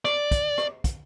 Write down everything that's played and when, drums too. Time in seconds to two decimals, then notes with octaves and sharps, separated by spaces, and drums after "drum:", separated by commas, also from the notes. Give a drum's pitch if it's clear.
0.05 D5, drum: rim click
0.31 drum: kick, hi-hat
0.58 drum: rim click
0.84 drum: kick, hi-hat